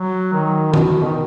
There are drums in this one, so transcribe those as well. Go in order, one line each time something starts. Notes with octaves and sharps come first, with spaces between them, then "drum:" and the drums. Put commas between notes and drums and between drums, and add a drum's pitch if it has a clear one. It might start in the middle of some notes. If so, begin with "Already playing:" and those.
Already playing: F#3
D#3
B2, drum: tom
D#3